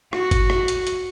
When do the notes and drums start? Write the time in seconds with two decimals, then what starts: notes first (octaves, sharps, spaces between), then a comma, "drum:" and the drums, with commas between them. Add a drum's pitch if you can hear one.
0.13 F#4, drum: rim click
0.31 drum: kick, hi-hat
0.50 drum: rim click
0.68 drum: hi-hat
0.87 drum: hi-hat